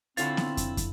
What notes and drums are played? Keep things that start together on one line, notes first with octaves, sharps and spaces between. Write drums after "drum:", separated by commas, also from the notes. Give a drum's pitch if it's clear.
D3 C4 E4 F4 A4 C#5 F5 A6, drum: hi-hat
drum: snare B3
drum: kick, hi-hat
drum: kick, hi-hat